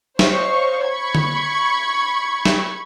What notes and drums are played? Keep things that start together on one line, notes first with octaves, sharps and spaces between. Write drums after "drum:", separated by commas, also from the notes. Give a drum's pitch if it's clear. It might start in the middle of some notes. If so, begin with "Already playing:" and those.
C5 C#5 D#5 F5 C#6, drum: snare
B5 C#6 G#6
drum: tom D3
drum: snare